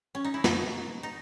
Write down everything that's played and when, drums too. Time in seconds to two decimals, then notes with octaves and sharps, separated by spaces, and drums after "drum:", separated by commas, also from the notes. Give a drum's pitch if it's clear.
0.15 C#4
0.24 D#4
0.34 E4
0.44 D#4, drum: snare
1.03 D#4